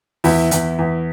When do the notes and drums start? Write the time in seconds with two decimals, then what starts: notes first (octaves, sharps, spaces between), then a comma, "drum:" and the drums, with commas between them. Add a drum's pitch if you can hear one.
0.24 E2 E4, drum: open hi-hat
0.51 E2, drum: hi-hat
0.79 E2